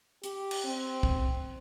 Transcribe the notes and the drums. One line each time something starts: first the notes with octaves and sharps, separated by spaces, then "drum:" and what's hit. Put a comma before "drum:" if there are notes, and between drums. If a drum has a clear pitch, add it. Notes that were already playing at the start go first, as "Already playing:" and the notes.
G4, drum: hi-hat
drum: cymbal
C4
drum: kick